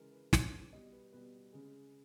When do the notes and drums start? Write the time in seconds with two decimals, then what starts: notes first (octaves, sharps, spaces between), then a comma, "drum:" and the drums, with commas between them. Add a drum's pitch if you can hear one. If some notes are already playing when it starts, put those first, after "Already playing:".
Already playing: C#3 E3 G#3 A#4
0.13 B4
0.33 C#3 E3 G#3 C#5, drum: snare
0.72 B2 G3 D#5
0.93 B4
1.13 B2 G3 B4
1.52 C#3 G#3